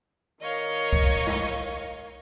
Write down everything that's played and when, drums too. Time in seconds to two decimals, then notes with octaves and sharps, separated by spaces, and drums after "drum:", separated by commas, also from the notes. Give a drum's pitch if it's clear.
0.41 D#3 C#5 D#5 F5
0.93 drum: kick C2
1.27 drum: snare